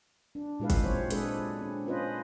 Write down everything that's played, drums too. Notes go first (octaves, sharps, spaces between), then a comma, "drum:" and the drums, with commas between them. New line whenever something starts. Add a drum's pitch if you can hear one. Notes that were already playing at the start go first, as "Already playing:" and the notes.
D4
A#2 G#3 E4 G4 B4 F5
drum: kick, hi-hat
F#3 C4 C5 C#5
G#3 D4 G#4 A4 B4, drum: hi-hat
C4 D4
C#4 F4 B4 C5 D#5